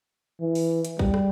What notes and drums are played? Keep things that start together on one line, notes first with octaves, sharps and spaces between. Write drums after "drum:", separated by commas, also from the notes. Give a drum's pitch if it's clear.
E3
drum: open hi-hat
drum: hi-hat
G3, drum: kick
drum: rim click